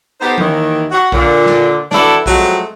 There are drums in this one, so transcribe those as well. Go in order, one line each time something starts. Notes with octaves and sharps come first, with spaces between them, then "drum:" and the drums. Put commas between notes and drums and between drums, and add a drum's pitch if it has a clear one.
B3 D#4 G4 A4 C5
D#2 D#3 E3, drum: tom F3
F#4
A#2 D3, drum: kick
drum: snare
E3 D4 E4 F#4 A4 D5, drum: snare
F3 F#3 G#3 A3 C4, drum: kick